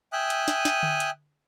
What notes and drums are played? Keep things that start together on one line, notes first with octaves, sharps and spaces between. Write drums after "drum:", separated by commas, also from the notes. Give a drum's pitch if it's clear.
E5 G5 G#5 D#6 F#6
drum: hi-hat
drum: snare
drum: snare
drum: tom D3
drum: hi-hat